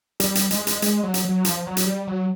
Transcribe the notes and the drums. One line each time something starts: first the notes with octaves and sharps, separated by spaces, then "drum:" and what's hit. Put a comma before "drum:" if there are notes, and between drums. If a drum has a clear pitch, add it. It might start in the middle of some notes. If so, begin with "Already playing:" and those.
G3, drum: hi-hat
drum: hi-hat
G#3, drum: hi-hat
drum: hi-hat
G#3, drum: hi-hat
F#3
drum: hi-hat
F#3
F3, drum: hi-hat
F#3
drum: hi-hat
G3
F#3